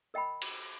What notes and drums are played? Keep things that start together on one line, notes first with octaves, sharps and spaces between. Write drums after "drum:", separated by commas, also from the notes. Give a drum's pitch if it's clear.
A#4 D#5 G5 B5
drum: cymbal